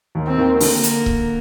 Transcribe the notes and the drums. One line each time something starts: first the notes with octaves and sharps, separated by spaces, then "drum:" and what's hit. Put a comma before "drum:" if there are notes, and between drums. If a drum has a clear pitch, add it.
D#2 D#3
C4
D#2 D#3
D3 A#3, drum: open hi-hat
drum: hi-hat
drum: kick C#1